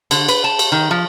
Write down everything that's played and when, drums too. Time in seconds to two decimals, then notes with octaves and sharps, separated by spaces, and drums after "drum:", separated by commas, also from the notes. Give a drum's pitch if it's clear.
0.11 D3, drum: cymbal
0.28 B4, drum: cymbal
0.44 A5
0.59 drum: cymbal
0.72 D#3
0.91 F3